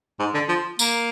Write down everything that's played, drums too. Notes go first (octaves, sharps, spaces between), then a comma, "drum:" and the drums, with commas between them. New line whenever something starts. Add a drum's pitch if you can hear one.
G#2
D3
F3
A#3, drum: tambourine